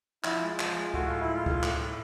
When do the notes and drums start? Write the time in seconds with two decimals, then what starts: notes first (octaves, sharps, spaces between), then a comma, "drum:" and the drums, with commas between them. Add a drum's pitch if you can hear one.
0.24 F3 E4, drum: clap
0.42 G#3
0.59 F3, drum: clap
0.77 G#3
0.94 A2 F#4, drum: kick C#2
1.07 A2 F4
1.21 E4
1.28 G#3
1.34 F4
1.46 A2, drum: kick C#2
1.63 A2, drum: clap
1.81 A2